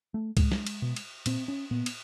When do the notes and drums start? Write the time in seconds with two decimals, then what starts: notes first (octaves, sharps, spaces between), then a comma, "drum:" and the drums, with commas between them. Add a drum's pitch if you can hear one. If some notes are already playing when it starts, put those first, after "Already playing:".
0.14 A3
0.37 A2 G#3, drum: kick C#2, cymbal
0.52 drum: snare
0.67 drum: cymbal
0.82 B2
0.96 drum: cymbal
1.26 A#2 C4, drum: cymbal
1.48 C#4
1.71 A#2 B3
1.86 drum: cymbal